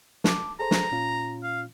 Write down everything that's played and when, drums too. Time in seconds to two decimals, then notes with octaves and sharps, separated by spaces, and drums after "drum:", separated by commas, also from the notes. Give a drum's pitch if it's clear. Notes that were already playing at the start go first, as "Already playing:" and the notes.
0.24 A5 D6, drum: snare
0.59 G#4 A4 C5 A#5
0.71 drum: snare
0.91 A#2 C#4 F4
1.43 F5